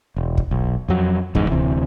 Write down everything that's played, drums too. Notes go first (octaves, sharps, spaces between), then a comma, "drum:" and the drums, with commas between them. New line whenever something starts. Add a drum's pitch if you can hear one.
E1
drum: kick
B1
F2 F#3
F#1 E2 G#2, drum: kick
D2 C3 E3